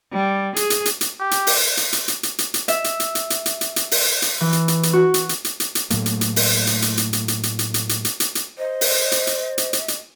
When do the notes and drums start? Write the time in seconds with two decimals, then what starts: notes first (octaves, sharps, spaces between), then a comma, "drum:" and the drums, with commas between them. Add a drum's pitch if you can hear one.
0.13 G3
0.56 G#4, drum: hi-hat
0.70 drum: hi-hat
0.85 drum: hi-hat
1.01 drum: hi-hat
1.19 G4
1.31 drum: hi-hat
1.47 drum: open hi-hat
1.77 drum: hi-hat
1.93 drum: hi-hat
2.08 drum: hi-hat
2.23 drum: hi-hat
2.38 drum: hi-hat
2.54 drum: hi-hat
2.68 E5, drum: hi-hat
2.84 drum: hi-hat
3.00 drum: hi-hat
3.15 drum: hi-hat
3.30 drum: hi-hat
3.46 drum: hi-hat
3.61 drum: hi-hat
3.76 drum: hi-hat
3.91 drum: open hi-hat
4.22 drum: hi-hat
4.41 E3
4.53 drum: hi-hat
4.68 drum: hi-hat
4.83 drum: hi-hat
4.93 F#4
5.14 drum: hi-hat
5.29 drum: hi-hat
5.44 drum: hi-hat
5.60 drum: hi-hat
5.75 drum: hi-hat
5.90 A2 F#3 A3 A#3, drum: hi-hat
6.06 drum: hi-hat
6.21 drum: hi-hat
6.36 drum: open hi-hat
6.67 drum: hi-hat
6.82 drum: hi-hat
6.97 drum: hi-hat
7.13 drum: hi-hat
7.28 drum: hi-hat
7.43 drum: hi-hat
7.59 drum: hi-hat
7.74 drum: hi-hat
7.89 drum: hi-hat
8.05 drum: hi-hat
8.20 drum: hi-hat
8.35 drum: hi-hat
8.58 C5 D#5
8.81 drum: open hi-hat
9.12 drum: hi-hat
9.27 drum: hi-hat
9.58 drum: hi-hat
9.73 drum: hi-hat
9.88 drum: hi-hat